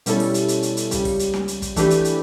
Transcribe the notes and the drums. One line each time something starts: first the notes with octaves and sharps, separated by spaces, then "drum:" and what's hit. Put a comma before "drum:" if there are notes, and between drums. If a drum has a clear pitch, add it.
B2 G3 C#4 E4 A4, drum: hi-hat
drum: open hi-hat
drum: hi-hat
drum: hi-hat
drum: hi-hat
drum: hi-hat
C#2 C#3 G3, drum: hi-hat
drum: kick, open hi-hat
drum: hi-hat
drum: snare
drum: hi-hat
drum: kick, hi-hat
E3 A3 D4 G4 B4, drum: kick, hi-hat
drum: hi-hat
drum: hi-hat